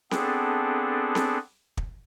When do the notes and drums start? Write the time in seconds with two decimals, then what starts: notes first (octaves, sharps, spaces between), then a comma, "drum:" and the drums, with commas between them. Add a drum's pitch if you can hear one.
0.11 B3 C4 D4 G#4 A4, drum: snare C4
1.15 drum: snare C4
1.77 drum: kick